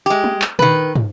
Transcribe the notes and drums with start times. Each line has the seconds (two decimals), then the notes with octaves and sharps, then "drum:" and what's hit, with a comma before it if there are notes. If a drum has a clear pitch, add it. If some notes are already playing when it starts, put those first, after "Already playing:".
0.06 G#3 G4
0.24 drum: tom G3
0.42 drum: clap
0.59 D#3 B4, drum: tom A#2
0.96 drum: tom